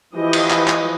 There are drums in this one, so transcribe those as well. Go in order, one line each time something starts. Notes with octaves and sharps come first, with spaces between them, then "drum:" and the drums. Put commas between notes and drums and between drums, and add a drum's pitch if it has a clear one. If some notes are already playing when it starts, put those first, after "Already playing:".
E3 F3 G4 D#5
drum: cymbal
drum: clap
drum: clap